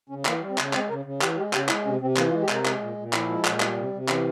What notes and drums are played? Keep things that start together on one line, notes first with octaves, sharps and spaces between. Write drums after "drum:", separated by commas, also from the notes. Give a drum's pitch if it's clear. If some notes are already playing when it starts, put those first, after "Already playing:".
C#3 C#4
E3 A#3, drum: clap
G3
C4
C#3, drum: clap
G#3 C4, drum: clap
C#3 A#4
C#3
E3 G4, drum: clap
G#3 G4
C#3 G4, drum: clap
G#3 E4, drum: clap
C3 C#4
C3 C4
E3 A#3, drum: clap
F4
G#3
G4
C3 A#4, drum: clap
G#3, drum: clap
A#2
A#2
F3 E4, drum: clap
G#3
A#2, drum: clap
G3, drum: clap
C3
C3
E3 C#4, drum: clap